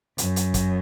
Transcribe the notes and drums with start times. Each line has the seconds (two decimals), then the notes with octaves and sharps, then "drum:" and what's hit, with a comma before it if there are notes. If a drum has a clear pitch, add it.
0.18 F#2, drum: hi-hat
0.36 drum: hi-hat
0.54 drum: kick, hi-hat